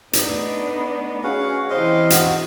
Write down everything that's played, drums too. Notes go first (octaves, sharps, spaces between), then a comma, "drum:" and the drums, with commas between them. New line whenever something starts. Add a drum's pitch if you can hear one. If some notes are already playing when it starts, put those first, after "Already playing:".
A3 B3 D4 D#4, drum: hi-hat
C#4 F#4 G#4 F5 F#5
C3 E3 E4 G4 C5 D#5 F5 C6
F#4, drum: hi-hat